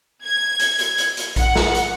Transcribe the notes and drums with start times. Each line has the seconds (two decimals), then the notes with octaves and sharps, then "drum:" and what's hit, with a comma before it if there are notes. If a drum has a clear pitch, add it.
0.25 G#6
0.60 drum: hi-hat
0.79 drum: hi-hat
0.98 drum: hi-hat
1.17 drum: hi-hat
1.36 F#5, drum: kick A#1, hi-hat
1.56 drum: snare
1.75 drum: hi-hat